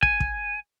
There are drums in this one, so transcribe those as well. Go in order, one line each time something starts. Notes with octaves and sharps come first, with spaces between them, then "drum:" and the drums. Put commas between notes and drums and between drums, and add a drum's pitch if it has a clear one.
G#5, drum: kick
drum: kick